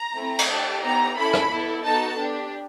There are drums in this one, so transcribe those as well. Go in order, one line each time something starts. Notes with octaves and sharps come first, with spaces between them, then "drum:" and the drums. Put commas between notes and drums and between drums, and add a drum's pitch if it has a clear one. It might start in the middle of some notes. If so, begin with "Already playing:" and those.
Already playing: A#5
A3 C4 E4
drum: cymbal
D4 G4 A5
B3 D#4 G4 A#5
C#4 E4 A4 B5
drum: rim click
B3 E4 A4
B3 D#4 F#4 A4 A5
D4 G4